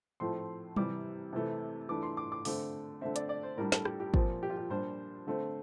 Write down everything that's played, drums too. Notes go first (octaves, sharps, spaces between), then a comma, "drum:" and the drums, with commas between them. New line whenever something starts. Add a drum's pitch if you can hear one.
A2 F3 A3 C4 C6
C3 E3 G3 D6, drum: tom F#3
C3 E3 A3 C4
E3 A3 D4 D6
C6
D6
D6
D3 A3 C4 D6, drum: open hi-hat
D3 A3 C4 E5
D5, drum: hi-hat
D5
C5
A2 G3 D4 A#4
A4, drum: snare
G4, drum: rim click
G4
A#2 F3 C4 F4, drum: kick
G4
F4
G4
A#2 G3 D4 C5
D3 A3 C4